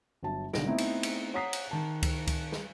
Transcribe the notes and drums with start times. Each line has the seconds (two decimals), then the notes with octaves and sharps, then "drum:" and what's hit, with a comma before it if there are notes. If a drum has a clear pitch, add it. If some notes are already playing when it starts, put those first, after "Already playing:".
0.23 G1 F#3 A5
0.53 B1 D3 A#6 D7, drum: snare
0.67 A3 B3 C4 D#4 E4
0.78 drum: cymbal
1.03 drum: cymbal
1.34 C#5 F#5 A#5 D#6 B6 C7
1.53 drum: cymbal
1.71 D#3 A5
2.03 drum: kick C#2, cymbal
2.27 drum: kick C#2, cymbal
2.52 drum: snare